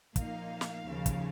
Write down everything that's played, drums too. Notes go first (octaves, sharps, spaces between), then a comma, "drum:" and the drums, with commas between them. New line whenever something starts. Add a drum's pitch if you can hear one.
A#2 F3 A#3 D#4 F5, drum: kick, hi-hat
drum: snare
D#2 C#3 F3
drum: kick, hi-hat